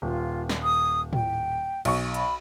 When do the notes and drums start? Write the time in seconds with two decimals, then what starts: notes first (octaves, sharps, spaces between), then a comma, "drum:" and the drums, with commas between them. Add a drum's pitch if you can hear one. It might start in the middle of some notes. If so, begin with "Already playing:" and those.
0.02 D#1 F4
0.49 drum: snare
0.63 D#6
1.13 G5, drum: tom A2
1.85 B1 C#6, drum: cymbal
2.14 B5, drum: hi-hat